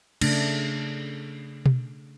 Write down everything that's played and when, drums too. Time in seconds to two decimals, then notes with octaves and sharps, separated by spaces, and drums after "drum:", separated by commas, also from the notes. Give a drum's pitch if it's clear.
0.21 C#3 A3 D4, drum: cymbal
1.66 drum: tom B2